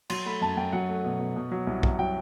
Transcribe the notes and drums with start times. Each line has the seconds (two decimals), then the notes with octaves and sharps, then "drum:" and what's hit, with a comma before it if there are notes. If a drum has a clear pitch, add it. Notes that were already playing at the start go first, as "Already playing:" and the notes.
0.10 F#3 C6, drum: cymbal
0.26 A3 B5
0.41 F#2 A5
0.57 F#2 G5
0.73 F#3 F#5
0.89 A3
1.04 B2
1.19 B2
1.36 B2
1.52 F#3
1.67 C2
1.83 C2, drum: kick B1
1.99 F#3 G5